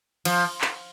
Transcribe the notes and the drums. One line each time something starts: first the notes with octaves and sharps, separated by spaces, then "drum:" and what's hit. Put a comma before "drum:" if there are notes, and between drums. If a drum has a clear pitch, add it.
F3, drum: cymbal
drum: clap